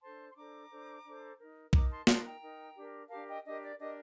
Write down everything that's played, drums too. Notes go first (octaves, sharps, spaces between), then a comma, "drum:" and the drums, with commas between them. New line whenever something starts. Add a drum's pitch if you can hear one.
D4 A4 C5 A5 C6
C6
D4 A4 C5 A#5 D6
D4 A4 C5
D4 A4 C5
D#4 A#4
D#4 A#4 A#5 D6, drum: kick B1
A5 C6
D#4 A#4 A5 C6, drum: snare
G5 A#5
D#4 A#4
D4 G4 A#4
D4 G4 A#4 F5 A5
D#5 G5
D4 G4 A#4 D#5
D5
D4 G4 A#4 D#5